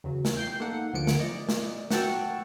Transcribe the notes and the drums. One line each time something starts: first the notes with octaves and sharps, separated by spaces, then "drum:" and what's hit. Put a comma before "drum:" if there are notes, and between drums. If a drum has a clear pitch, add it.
E2 C#3 F#3
drum: snare
G5 G6 C7
A#3 D#4 A4 F#5
D2 D3 F3 A#3 C#7 D7
drum: snare
D5 D#5
drum: snare
F#4 F#5 G5 A5 C#6 E6, drum: snare